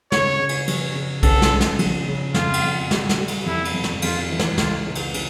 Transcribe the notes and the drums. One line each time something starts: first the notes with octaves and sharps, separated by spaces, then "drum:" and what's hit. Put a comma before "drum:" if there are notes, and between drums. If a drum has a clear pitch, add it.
C#3 C#5, drum: snare
C#3
drum: cymbal
F3, drum: cymbal
C#3
C#4 A4, drum: kick B1, cymbal
drum: snare
C#3
drum: snare
F3, drum: cymbal
C#3
F2 F4, drum: snare
drum: cymbal
F2
G3, drum: snare
drum: snare
G3
drum: cymbal
F2 E4
drum: cymbal
F2
drum: snare
F2 F4, drum: cymbal
E3
drum: snare
C#2 F4, drum: snare
C#2
drum: cymbal
C#3, drum: cymbal